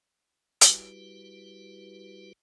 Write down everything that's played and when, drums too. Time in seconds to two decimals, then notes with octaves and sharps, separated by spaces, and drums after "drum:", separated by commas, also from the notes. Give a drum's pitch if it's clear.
0.61 G3 E4 F#4 G4 B4, drum: hi-hat